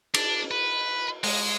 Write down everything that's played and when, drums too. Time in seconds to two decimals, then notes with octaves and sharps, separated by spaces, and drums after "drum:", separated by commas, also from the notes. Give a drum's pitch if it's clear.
0.14 D4, drum: cymbal
0.51 B4
1.24 G#3, drum: open hi-hat